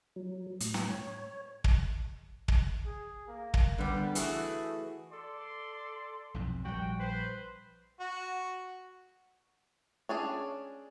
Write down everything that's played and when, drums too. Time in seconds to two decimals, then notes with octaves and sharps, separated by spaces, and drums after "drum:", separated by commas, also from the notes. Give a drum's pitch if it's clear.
0.16 F#3
0.60 A2, drum: hi-hat
0.74 drum: snare
0.89 C#5
1.64 drum: kick
2.48 drum: kick
2.86 G#4
3.28 A#3
3.54 drum: kick
3.78 D3 G3 B3
4.15 E3 A3 F#4 G#4, drum: hi-hat
5.12 A4 D5 C6
6.34 B1 F2 G#2
6.65 A#1 G3 F#4 F#5 G5
6.99 B4 C5
8.00 F#4
10.09 C#4 D4 G#4